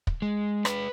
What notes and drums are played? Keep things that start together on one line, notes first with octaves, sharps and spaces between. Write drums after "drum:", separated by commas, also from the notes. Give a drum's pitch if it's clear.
drum: kick
G#3
B4, drum: rim click